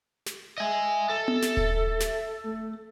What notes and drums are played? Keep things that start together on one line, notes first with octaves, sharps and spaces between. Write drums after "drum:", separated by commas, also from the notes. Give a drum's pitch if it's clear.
drum: snare
D#5 E5 G#5
A4
drum: tom B3
drum: snare
drum: kick D#1
drum: snare
A3